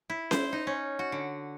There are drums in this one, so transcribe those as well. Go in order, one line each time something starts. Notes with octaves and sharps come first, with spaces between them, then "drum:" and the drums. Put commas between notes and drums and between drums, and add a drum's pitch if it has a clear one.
E4
C5, drum: snare C#4
D#4
C#4
F#4
D3